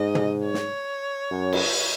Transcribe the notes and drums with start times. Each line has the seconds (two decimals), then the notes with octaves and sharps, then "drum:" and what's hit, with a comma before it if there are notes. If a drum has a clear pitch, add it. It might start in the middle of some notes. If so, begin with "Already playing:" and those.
Already playing: G#2 D#5
0.15 drum: tom
0.45 C#5
0.54 drum: snare
1.31 F#2
1.53 drum: cymbal